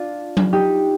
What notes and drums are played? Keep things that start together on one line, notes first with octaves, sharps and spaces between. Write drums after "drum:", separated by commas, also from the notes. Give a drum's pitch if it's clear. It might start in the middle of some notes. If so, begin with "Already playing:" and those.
Already playing: D4 F4
drum: tom F#3
D#4 G4